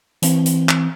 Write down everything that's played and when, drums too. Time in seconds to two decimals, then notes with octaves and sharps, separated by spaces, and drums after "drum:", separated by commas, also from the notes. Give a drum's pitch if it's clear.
0.22 E3 C4, drum: hi-hat
0.46 drum: hi-hat
0.69 drum: clap